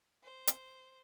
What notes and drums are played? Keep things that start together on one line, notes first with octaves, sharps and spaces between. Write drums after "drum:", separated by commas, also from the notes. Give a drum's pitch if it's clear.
C5
drum: hi-hat